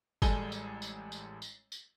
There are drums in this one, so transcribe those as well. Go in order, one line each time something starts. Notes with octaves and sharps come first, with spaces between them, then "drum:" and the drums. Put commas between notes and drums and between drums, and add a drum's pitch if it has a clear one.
A1 G3 G#3 A4 G#5 G7, drum: kick G1, tambourine
drum: tambourine
drum: tambourine
drum: tambourine
drum: tambourine
drum: tambourine